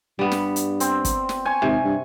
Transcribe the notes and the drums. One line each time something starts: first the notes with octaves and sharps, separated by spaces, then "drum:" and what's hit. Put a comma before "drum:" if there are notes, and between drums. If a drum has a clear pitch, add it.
G2 G3 B3
drum: snare
drum: hi-hat
C4, drum: hi-hat
drum: kick, hi-hat
drum: snare
G#5 C#6
G#1 C3 G#5
G2